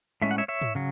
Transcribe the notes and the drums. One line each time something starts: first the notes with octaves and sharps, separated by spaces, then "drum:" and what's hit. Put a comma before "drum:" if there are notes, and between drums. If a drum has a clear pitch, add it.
A2 G#3 C#4 E5
F#5
C#5 E5
C#5 E5
drum: tom G#2
C#3 F#3